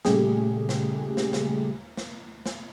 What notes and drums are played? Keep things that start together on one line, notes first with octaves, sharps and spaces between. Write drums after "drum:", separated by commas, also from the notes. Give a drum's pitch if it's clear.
A#2 C#3 G3 A3 G4 G#4, drum: snare
drum: snare
drum: snare
drum: snare
drum: snare
drum: snare